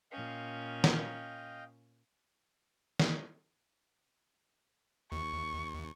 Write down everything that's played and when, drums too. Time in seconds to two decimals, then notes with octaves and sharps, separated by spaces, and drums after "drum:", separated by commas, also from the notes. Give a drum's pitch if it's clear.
0.12 A#2 C#4 D#5 F5 G5
0.84 drum: snare
3.00 drum: snare
5.12 D#2 C#6